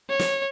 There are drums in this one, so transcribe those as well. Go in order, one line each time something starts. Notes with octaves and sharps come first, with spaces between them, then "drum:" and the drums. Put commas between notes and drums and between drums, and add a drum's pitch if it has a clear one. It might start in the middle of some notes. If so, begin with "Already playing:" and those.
C#5
drum: snare